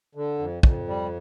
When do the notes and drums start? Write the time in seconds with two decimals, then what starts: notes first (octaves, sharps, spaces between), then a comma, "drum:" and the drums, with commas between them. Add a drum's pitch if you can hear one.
0.15 D3
0.39 F2
0.63 F2, drum: kick
0.87 G3